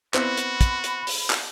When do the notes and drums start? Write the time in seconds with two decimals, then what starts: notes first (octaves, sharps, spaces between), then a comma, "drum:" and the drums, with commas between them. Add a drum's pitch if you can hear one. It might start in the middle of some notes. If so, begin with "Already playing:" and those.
0.14 B3 C4 E4 F#4 B5, drum: clap
0.37 drum: hi-hat
0.61 drum: kick, hi-hat
0.84 drum: hi-hat
1.07 drum: open hi-hat
1.30 drum: clap